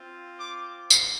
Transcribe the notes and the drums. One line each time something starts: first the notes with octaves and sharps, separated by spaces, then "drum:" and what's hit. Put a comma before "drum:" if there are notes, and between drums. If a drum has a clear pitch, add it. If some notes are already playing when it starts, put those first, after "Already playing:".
Already playing: C4 F4
D6
drum: tambourine